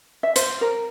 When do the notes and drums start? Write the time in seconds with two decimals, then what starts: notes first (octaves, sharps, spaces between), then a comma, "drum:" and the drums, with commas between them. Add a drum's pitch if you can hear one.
0.23 E5
0.36 C5, drum: hi-hat
0.61 A#4